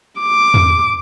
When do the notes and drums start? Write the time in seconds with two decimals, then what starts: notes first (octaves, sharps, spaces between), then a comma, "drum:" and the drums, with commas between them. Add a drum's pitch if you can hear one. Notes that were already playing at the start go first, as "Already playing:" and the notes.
0.20 D6
0.54 drum: tom E2